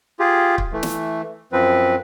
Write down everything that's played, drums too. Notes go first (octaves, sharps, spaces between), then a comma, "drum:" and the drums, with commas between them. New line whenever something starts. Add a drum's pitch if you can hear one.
F4 G4 G#4
drum: kick C#1
E3 A3
drum: snare
F#2 F3 C4 B4